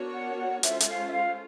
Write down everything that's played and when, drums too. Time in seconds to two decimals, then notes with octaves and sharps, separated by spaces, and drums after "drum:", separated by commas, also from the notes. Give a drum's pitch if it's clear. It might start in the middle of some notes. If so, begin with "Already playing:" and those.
Already playing: B3 D4 F#4 A#4 C#5
0.13 F#5
0.38 F#5
0.63 G#3 C#4 F4 A4 C5 E5, drum: hi-hat
0.80 E5, drum: hi-hat
0.88 F5
1.07 E5
1.13 F5